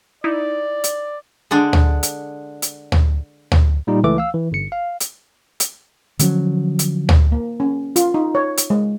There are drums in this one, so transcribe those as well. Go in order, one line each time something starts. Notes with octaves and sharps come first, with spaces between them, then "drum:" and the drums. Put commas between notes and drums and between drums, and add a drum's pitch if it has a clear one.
D#4 E4 D5
drum: hi-hat
D3 G#3 D4
drum: tom
drum: hi-hat
drum: hi-hat
drum: tom
drum: tom
A#2 G3 D#4 F4
C#2 E3 A3 D6
F5 E6
E3
G1 C#7
F5
drum: hi-hat
drum: hi-hat
D3 F3 F#3 C#4, drum: hi-hat
drum: hi-hat
drum: tom
A#3
C#4
F4, drum: hi-hat
D#4
C#5
drum: hi-hat
G#3